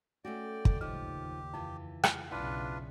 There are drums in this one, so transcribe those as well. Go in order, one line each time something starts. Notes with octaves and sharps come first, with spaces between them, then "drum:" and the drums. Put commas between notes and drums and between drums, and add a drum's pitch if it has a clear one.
A3 C#4 F#4 D5 G5
drum: kick
D#2 C#3 F3 D#4 G4
F2 E3 F4
drum: rim click
B1 C#3 D4 E4 F4 B4